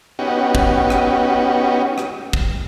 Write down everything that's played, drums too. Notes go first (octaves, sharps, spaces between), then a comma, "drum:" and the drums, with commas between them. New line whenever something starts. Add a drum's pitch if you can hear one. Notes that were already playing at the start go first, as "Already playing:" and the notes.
B3 C#4 D#4 F#4 G4
drum: kick
drum: rim click
drum: rim click
drum: kick